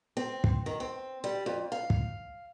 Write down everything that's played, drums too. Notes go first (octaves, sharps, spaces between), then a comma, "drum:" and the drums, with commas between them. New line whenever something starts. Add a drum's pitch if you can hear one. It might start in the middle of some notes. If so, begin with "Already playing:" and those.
C4
drum: kick
D#3
C4
G3
F2
F5
drum: kick